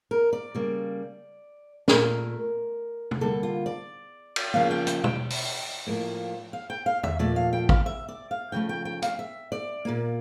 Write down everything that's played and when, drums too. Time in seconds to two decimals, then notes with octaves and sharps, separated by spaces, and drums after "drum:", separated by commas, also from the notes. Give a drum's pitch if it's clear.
0.11 A#4
0.33 D5
0.55 C#3 G3 A#3
1.88 A#2 A3 A#4, drum: snare
3.11 drum: tom
3.21 D3 G3 A#3 A4
3.43 F4
3.66 D5
4.36 drum: cymbal
4.54 C#3 F3 A#3 F5
4.71 G5
4.87 G5, drum: hi-hat
5.04 G5, drum: tom
5.30 drum: open hi-hat
5.87 A2 F3 A#3
6.53 F5
6.70 G5
6.86 F5
7.03 E5, drum: tom
7.19 A#2 F3 A3 D5
7.36 F5
7.53 G5
7.69 F5, drum: kick
7.86 E5
8.08 D5
8.31 F5
8.52 C#3 F3 A3 G5
8.69 G5
8.85 G5
9.02 F5, drum: hi-hat
9.19 E5
9.52 D5
9.85 A#2 F3 A#3